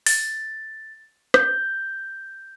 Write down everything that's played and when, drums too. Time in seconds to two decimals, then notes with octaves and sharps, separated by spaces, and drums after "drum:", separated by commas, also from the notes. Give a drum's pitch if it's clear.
0.06 A6, drum: open hi-hat
1.34 G6, drum: rim click